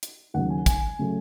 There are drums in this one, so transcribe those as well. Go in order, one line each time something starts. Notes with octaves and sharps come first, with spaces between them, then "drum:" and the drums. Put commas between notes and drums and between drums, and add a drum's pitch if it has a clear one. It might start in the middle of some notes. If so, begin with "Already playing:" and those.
drum: hi-hat
D#2 C#3 F#3 F#5
G#5
G#5, drum: kick, hi-hat
C#3 F#3 A3